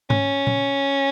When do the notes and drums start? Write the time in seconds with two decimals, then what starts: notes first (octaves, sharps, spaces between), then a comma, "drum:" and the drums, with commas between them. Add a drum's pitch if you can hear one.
0.10 C#4, drum: tom G#2
0.47 drum: tom A#2